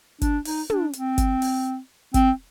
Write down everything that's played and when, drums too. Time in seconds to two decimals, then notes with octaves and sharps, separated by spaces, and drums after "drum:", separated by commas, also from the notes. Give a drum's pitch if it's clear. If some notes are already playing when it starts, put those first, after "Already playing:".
0.22 D4, drum: kick G1, hi-hat
0.45 D#4, drum: open hi-hat
0.70 D4, drum: tom
0.93 C4, drum: hi-hat
1.18 drum: kick G1, hi-hat
1.42 drum: open hi-hat
2.14 C4, drum: kick G1, hi-hat